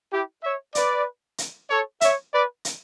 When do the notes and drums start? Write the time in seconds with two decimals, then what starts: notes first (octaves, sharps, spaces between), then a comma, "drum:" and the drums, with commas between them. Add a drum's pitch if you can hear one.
0.11 E4 G4
0.44 C#5 E5
0.75 B4 D5, drum: hi-hat
1.38 drum: hi-hat
1.70 A4 C#5
2.01 C#5 E5, drum: hi-hat
2.33 B4 D5
2.65 drum: hi-hat